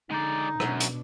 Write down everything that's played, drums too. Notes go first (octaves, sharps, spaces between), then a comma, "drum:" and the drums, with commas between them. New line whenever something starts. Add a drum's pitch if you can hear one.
D3 G#3 D#4 D5
F#2 B2 D4, drum: rim click
drum: hi-hat